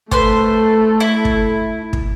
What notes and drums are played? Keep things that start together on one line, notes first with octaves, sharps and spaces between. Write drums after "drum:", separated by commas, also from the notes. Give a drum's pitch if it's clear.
A3 A4 B4 C5 C6, drum: kick
E4
drum: kick
drum: kick